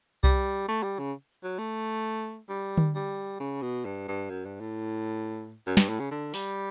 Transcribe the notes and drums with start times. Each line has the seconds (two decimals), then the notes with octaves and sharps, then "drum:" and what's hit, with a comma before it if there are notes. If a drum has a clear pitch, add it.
0.24 G3, drum: kick C2
0.68 A3
0.83 G3
0.99 C#3
1.43 F#3
1.58 A3
2.49 G3
2.77 drum: tom D3
2.95 G3
3.40 C#3
3.62 B2
3.85 G2
4.08 G2
4.30 F#2
4.45 G2
4.60 A2
5.67 F#2
5.77 G2, drum: snare
5.89 A2
6.00 C#3
6.11 D3
6.34 G3, drum: open hi-hat